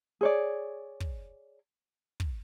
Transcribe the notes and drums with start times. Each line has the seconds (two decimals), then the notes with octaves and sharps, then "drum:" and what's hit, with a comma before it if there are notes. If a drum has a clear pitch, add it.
0.21 G#4 C#5 D5
1.00 drum: kick
2.20 drum: kick